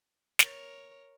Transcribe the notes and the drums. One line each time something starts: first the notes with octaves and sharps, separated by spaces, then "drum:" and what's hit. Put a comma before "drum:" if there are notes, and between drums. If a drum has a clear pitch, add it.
A#4 C#5, drum: snare